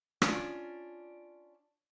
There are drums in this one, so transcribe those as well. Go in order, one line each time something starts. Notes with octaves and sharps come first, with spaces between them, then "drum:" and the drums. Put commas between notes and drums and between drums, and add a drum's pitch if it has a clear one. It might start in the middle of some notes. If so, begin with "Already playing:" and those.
C#4 D4 F4 D5, drum: rim click